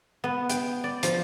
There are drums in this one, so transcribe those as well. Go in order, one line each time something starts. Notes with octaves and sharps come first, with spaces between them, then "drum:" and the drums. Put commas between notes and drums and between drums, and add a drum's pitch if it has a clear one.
B3
G5, drum: hi-hat
D5
F3, drum: hi-hat